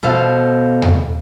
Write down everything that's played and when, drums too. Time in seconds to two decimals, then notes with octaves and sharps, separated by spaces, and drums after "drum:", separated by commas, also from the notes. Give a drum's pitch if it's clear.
0.03 B2 A4 C5 F5
0.82 drum: tom E2